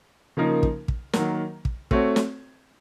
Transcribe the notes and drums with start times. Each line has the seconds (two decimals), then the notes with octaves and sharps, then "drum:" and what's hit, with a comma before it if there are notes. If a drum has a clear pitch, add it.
0.37 C#3 F3 A#3 D#4 A#4
0.63 drum: kick
0.88 drum: kick
1.13 D#3 F#3 A#3, drum: snare
1.65 drum: kick
1.91 A3 C4 F#4 A4 C#5, drum: kick
2.16 drum: snare